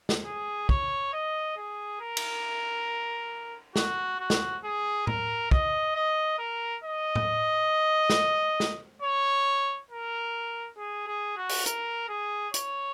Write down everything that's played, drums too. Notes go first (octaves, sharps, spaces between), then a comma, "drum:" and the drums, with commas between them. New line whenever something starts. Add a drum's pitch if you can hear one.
drum: snare
G#4
C#5, drum: kick
D#5
G#4
A#4
drum: cymbal
F#4, drum: snare
F#4
drum: snare
G#4
A#4, drum: tom A2
D#5, drum: kick
D#5
A#4
D#5
drum: tom A2
drum: snare
drum: snare
C#5
A#4
G#4
G#4
F#4
drum: open hi-hat
A#4, drum: hi-hat
G#4
C#5, drum: hi-hat